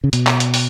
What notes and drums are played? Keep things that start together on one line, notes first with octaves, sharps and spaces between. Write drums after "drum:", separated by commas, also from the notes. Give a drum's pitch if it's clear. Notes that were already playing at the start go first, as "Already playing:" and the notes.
C#3
B2, drum: hi-hat
drum: clap
drum: hi-hat
drum: open hi-hat